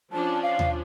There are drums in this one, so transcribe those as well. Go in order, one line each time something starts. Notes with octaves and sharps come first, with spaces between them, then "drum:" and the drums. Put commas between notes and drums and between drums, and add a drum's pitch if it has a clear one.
F3 C#4 D4 A5
F5
drum: tom D#2